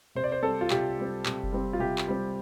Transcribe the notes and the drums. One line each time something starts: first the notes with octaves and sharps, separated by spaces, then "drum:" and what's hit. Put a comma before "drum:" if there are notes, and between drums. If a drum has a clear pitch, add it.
C3 C5
D5
C5
G3 C4 A4
F4
C3 G4, drum: clap
G3 C4
C3, drum: clap
drum: kick F#1
G3 C4
F4
C3 G4
drum: clap
G3 C4